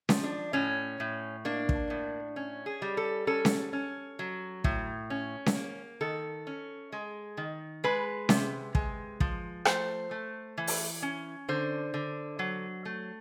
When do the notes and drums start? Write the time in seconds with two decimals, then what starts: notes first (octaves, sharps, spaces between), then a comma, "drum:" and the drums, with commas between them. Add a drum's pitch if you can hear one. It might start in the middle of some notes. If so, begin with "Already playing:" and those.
0.09 F3, drum: snare C#4
0.24 D4
0.53 A2 C#4
1.00 A2
1.45 A#3 D4
1.69 drum: kick
1.90 A2
2.36 C#4
2.66 G#4
2.82 G3
2.97 A4
3.27 C#4 A4
3.45 drum: snare C#4
3.73 C#4
4.19 F#3
4.64 A2, drum: kick
5.10 C#4
5.46 drum: snare C#4
5.56 A#3
6.01 D#3 A4
6.47 C#4
6.92 G#3
7.37 D#3
7.84 G#3 B4
8.29 C3, drum: snare C#4
8.75 G#3, drum: kick
9.20 F3, drum: kick
9.65 A3 C5, drum: rim click
10.11 A3
10.57 E3
10.67 drum: open hi-hat
11.02 C#4
11.49 D3 C5
11.94 D3
12.39 F#3
12.85 A3